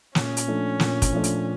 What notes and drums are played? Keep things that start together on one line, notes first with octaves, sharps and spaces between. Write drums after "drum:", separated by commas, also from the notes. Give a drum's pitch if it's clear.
A#2 C#4, drum: snare
drum: hi-hat
F3 A3 D4
A#2, drum: snare
drum: kick, hi-hat
F3 A3 D4
drum: hi-hat